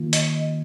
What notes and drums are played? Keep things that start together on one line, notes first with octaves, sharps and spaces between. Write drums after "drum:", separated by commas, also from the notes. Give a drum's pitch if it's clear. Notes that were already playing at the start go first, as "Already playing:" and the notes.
Already playing: D#3 A#3 F4
D#5, drum: hi-hat